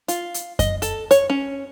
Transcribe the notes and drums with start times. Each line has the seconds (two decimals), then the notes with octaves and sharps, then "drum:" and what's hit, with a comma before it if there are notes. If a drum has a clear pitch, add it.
0.08 F4, drum: hi-hat
0.34 drum: hi-hat
0.59 D#5, drum: kick F#2, hi-hat
0.82 A4, drum: hi-hat
1.11 C#5, drum: hi-hat
1.30 C#4